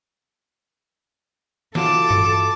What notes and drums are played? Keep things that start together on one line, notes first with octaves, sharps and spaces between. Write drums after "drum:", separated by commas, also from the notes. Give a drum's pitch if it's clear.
E3 F4 F#4 A4 A5 D6, drum: snare
drum: tom G2